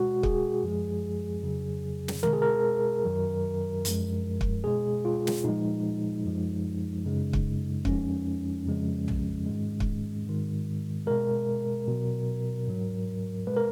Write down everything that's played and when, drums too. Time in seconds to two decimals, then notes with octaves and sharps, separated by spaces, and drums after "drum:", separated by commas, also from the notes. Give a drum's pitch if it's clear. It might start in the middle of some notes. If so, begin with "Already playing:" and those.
Already playing: B2 G#3 F#4
0.23 G#4, drum: kick
0.63 F#2 F3 G#3
1.43 F2 C#3 F#3
2.08 drum: snare
2.23 B2 G#3 A#4, drum: tom D3
2.33 G#4
2.42 A#4
3.04 F#2 D#3 F#3
3.85 F#2 F3 G#3, drum: hi-hat
4.41 drum: kick
4.64 B2 G#3 G#4
5.05 F4
5.27 drum: snare
5.44 A#2 F3 G#3 D#4
6.25 F#2 F3 G#3
7.05 F#2 C#3 G#3
7.33 drum: kick
7.85 F2 F3 G#3 C#4, drum: kick
8.66 F2 C#3 F3 G#3
9.08 drum: tom
9.46 G#2 D#3 G#3
9.80 drum: kick
10.26 G#2 D#3 G#3
11.06 B2 G#3 A#4
11.88 B2 F#3
12.68 G#2 F#3
13.47 B2 G#3 B4
13.57 A#4